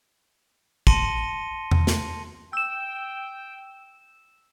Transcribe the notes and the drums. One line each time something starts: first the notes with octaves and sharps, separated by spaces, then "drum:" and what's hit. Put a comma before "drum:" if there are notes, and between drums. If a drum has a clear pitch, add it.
A5 C6 A#6 C#7 D#7 G7, drum: kick
drum: tom E2
drum: snare
G5 E6 E7